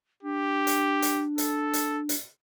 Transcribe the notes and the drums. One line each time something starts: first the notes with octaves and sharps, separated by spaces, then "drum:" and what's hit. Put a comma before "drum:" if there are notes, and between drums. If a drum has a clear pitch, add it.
D4 G4
drum: hi-hat
drum: hi-hat
A4, drum: hi-hat
drum: hi-hat
drum: hi-hat